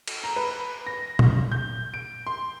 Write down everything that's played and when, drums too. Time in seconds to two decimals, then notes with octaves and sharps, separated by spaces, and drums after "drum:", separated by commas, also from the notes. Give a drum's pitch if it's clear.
0.08 drum: cymbal
0.24 A#5
0.36 B4
0.87 A#6
1.19 drum: tom A#2
1.52 G6
1.94 D7
2.27 C6